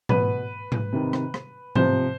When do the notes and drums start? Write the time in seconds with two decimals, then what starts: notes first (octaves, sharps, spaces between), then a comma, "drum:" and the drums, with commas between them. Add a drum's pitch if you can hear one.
0.09 B2 B4, drum: tom G#2
0.72 drum: tom
0.93 C3 D#3
1.13 drum: rim click
1.34 drum: rim click
1.75 C3 F3 C5, drum: tom G#2